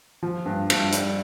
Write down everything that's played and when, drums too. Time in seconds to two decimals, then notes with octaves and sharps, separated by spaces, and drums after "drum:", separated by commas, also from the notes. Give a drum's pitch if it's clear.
0.23 F3
0.46 G2
0.70 G2, drum: cymbal
0.92 G3, drum: hi-hat